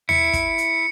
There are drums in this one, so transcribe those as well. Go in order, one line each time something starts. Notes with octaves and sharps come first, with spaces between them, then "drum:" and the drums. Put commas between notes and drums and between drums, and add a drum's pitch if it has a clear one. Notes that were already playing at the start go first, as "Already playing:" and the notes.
E4 C#7, drum: tom D#2
drum: kick, hi-hat
drum: hi-hat